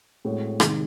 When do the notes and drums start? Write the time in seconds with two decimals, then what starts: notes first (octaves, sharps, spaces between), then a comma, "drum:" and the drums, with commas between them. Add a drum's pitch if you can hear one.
0.25 A2 G#3 C4 F#4 C#5
0.60 C3 D#3 G#3, drum: rim click